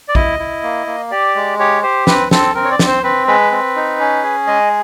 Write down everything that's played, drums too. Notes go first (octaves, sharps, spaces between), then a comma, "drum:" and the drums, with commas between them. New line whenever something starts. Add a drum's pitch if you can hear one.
D5
E4 D#5, drum: kick A#1
E4
A#3
A#3
G4 D5
G#3
G4 C#5
G4 C5
C4 B4, drum: snare
C4 A4, drum: snare
C4 A#4
C#5
D5
C4, drum: snare
C5
C4 B4
G#3 B4
C4
D#4
C#4
G#4
G#3 D#5